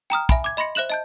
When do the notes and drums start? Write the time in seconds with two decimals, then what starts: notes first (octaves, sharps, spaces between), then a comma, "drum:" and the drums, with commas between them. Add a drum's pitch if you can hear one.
0.10 G5 A#5 D#6 F6
0.29 E5 G#5 B5, drum: kick
0.44 D6 G#6
0.57 D#5 B5 C6 A#6 C#7
0.75 C5 E5 F#6 E7 F#7
0.90 D#5 A5 G6